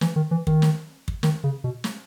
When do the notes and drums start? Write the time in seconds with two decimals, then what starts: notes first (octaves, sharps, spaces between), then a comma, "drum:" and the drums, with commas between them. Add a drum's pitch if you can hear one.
0.01 E3, drum: snare
0.16 D#3
0.31 E3
0.47 D#3, drum: kick
0.62 drum: snare
1.08 drum: kick
1.23 D#3, drum: snare
1.44 C#3
1.64 B2
1.84 drum: snare